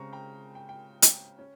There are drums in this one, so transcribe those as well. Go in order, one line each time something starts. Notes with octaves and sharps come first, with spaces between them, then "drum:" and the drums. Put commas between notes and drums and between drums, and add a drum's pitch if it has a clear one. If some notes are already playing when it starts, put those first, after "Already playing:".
Already playing: C#3 G#3 C4 A#5 C#6
G5 A#5
G5
G5
drum: hi-hat
C#4